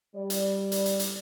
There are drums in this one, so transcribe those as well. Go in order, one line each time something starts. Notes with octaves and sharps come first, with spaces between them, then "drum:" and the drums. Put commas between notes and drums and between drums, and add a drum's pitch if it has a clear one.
G3 D5
drum: hi-hat
drum: hi-hat
drum: hi-hat
drum: hi-hat